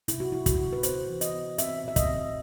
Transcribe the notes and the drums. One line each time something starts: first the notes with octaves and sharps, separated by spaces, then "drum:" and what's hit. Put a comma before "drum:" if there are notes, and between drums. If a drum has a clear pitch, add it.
C3 E4, drum: hi-hat
F#4
F#3 E4
F#4, drum: kick, hi-hat
F#3
B4
B3 C5, drum: hi-hat
E3
D#5, drum: hi-hat
B3
C4 E5, drum: hi-hat
B2 E5
D#5, drum: kick, hi-hat
C4